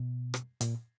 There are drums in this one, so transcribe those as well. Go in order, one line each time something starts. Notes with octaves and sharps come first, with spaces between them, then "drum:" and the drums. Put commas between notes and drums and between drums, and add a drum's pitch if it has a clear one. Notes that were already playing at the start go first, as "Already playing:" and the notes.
Already playing: B2
drum: rim click
A#2, drum: hi-hat